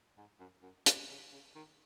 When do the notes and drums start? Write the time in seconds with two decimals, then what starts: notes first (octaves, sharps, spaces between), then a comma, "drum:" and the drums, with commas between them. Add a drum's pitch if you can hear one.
0.18 G#2
0.40 F#2
0.63 F#2
0.86 F#2, drum: hi-hat
1.10 C#3
1.32 C#3
1.55 D#3